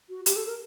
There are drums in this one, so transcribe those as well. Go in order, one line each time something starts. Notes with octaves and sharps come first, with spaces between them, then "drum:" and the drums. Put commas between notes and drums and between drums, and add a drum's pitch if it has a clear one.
F#4
G4, drum: hi-hat
A4
A#4